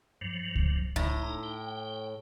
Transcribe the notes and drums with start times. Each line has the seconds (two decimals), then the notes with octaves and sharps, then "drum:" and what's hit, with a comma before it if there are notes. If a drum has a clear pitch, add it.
0.21 G2 F3 F#3
0.55 drum: kick C#2
0.96 A2 D#4 A#5, drum: kick C#2
1.43 G5